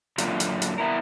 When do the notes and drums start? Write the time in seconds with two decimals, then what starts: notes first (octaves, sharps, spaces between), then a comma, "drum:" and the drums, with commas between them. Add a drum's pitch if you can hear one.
0.18 F#2 A#2 D3 F4, drum: hi-hat
0.40 drum: hi-hat
0.62 drum: hi-hat
0.78 B3 E4 A#4